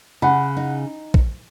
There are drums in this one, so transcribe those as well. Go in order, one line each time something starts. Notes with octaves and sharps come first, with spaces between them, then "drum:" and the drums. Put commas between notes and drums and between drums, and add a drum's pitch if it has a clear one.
C#3 F#5 B5
D#4
drum: kick